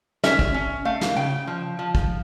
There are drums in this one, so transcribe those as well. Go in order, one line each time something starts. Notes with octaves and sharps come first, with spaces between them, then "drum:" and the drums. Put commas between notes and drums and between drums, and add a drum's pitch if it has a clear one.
C#4 E5, drum: snare
drum: kick
C#4
A3 F5
drum: snare
C#3 G5
F3
F3
drum: kick